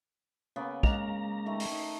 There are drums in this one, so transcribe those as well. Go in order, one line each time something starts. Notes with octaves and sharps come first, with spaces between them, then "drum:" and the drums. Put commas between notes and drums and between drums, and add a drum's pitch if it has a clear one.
C#3 A#3 B3
G#3 A#3 A#5, drum: kick
D#3 A3
drum: open hi-hat
D#4